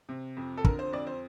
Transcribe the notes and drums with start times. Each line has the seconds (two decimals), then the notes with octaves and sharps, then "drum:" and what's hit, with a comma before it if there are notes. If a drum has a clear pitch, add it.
0.09 C3
0.37 F2
0.57 A4
0.64 D3 A#4, drum: kick
0.79 C5
0.92 F2 D5
1.07 C5